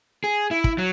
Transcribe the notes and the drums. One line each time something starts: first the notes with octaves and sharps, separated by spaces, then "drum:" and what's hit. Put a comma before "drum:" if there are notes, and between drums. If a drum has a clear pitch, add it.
G#4
E4
drum: kick
F#3